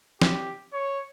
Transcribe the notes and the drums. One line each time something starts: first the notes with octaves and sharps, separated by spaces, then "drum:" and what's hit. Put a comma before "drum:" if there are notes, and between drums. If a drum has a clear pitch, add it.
G4, drum: snare
C#5